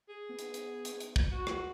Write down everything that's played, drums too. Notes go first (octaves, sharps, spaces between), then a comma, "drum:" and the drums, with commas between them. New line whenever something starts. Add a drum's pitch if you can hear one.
G#4
B3
drum: hi-hat
drum: hi-hat
drum: hi-hat
drum: hi-hat
drum: kick
F#4 C#6
drum: rim click